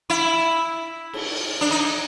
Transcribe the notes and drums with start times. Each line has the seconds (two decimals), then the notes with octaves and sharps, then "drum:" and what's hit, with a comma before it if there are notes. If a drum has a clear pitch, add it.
0.10 E4
1.13 drum: cymbal
1.61 D4
1.71 D#4